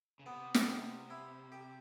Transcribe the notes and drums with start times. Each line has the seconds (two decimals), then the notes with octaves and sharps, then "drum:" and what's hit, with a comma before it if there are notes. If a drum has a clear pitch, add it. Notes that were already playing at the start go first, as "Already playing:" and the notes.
0.19 C#3
0.26 C3 B3
0.54 drum: snare
0.68 G3
1.10 E4
1.52 G4